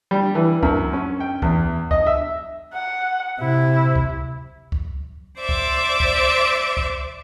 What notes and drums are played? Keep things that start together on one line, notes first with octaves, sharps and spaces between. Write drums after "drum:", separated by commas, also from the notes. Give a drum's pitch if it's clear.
G3
E3
F#2, drum: kick C#2
C#4
G5
E2, drum: kick C#2
D#5, drum: kick C#2
E5
F#5
C3 E4
drum: kick C#2
drum: kick C#2
C5 D5 E5 D6
drum: kick C#2
drum: kick C#2
drum: kick C#2